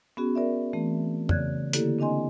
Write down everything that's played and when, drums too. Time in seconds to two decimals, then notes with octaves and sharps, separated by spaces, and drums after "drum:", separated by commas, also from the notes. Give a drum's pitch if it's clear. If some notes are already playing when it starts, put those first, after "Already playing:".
0.17 B3 C#4 F#4 G#4
0.35 A#4 D5 E5
0.73 E3 A3 C4
1.29 C#3 D5 F#6 G#6, drum: tom
1.73 D3 A#3 E4 G4 A4, drum: hi-hat
1.99 C4 D4 D#5 G#5 C6